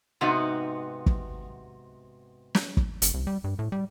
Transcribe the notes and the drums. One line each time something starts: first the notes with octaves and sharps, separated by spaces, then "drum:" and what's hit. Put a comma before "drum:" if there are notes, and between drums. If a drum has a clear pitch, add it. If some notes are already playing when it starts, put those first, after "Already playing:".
G#2 C3 B3 D#4 F#4
drum: kick
drum: snare
drum: kick
F#1, drum: hi-hat
C2
G3
G2
A2
G3